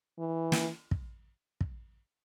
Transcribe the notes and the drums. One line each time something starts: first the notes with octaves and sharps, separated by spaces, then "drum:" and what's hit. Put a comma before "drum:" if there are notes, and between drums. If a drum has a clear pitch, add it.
E3
drum: snare
drum: kick
drum: kick